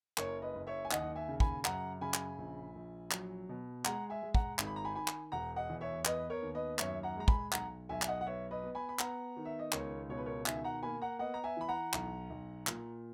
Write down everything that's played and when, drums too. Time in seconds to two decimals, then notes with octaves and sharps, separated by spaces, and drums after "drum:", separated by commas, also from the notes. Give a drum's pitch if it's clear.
0.18 F#1 A#4 C#5, drum: clap
0.42 B4 D#5
0.55 F#1
0.67 C#5 E5
0.85 G#5
0.91 D#2 D#5 F#5, drum: clap
1.15 E5 G#5
1.28 C#3
1.40 G#5 B5, drum: kick
1.65 F#2 F#5 A#5, drum: clap
2.01 C#3 G#5 B5
2.14 drum: clap
2.38 A#1
2.75 A#1
3.11 F#3, drum: clap
3.49 B2
3.85 G#3 F#5 A#5, drum: clap
4.10 E5 G#5
4.23 G#3
4.34 F#5 A#5, drum: kick
4.59 G#1, drum: clap
4.67 B5
4.76 A#5
4.85 G#5 B5
4.95 D#3 G#5 B5
5.08 drum: clap
5.32 E1 F#5 A#5
5.56 D#5 F#5
5.69 E2
5.81 C#5 E5
6.05 B3 B4 D#5, drum: clap
6.18 B4
6.30 A#4 C#5
6.42 D#2
6.55 B4 D#5
6.79 F#2 C#5 E5, drum: clap
7.03 F#5 A#5
7.16 G#3 A#5
7.28 G#5 B5, drum: kick
7.52 B1 F#5 A#5, drum: clap
7.89 B1 E5 G#5
8.02 E5, drum: clap
8.08 D#5 F#5
8.21 F#5
8.25 B3 C#5 E5
8.51 B4 D#5
8.63 B3
8.75 G#5 B5
8.89 B5
8.99 B3 F#5 A#5, drum: clap
9.37 D#3
9.45 E5
9.59 D#5
9.72 C#2 A#4 C#5, drum: clap
10.09 B2 C#5
10.18 B4
10.26 A#4 C#5
10.46 D#3 E5 G#5, drum: clap
10.64 F#5 A#5
10.83 A#3 G#5 B5
11.02 F#5 A#5
11.19 B3 D#5 F#5
11.34 A#5
11.44 E5 G#5
11.57 E3 B5
11.68 F#5 A#5
11.93 B1, drum: clap
12.30 B1
12.67 A#2, drum: clap